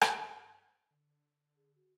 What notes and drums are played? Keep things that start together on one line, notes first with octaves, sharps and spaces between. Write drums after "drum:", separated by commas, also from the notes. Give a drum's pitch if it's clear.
G2, drum: rim click
D3
G#4
F#4